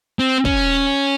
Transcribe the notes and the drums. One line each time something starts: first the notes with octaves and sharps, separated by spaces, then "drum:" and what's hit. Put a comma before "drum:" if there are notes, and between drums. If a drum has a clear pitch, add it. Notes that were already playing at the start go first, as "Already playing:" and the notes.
C4
C#4, drum: kick